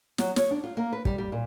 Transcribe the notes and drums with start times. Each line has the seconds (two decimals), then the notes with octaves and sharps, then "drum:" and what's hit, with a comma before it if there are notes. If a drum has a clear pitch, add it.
0.18 F#3, drum: snare
0.36 C#5, drum: snare
0.51 D4
0.64 F4
0.77 A#3
0.93 B4
1.05 G3, drum: kick
1.18 G3
1.32 A#2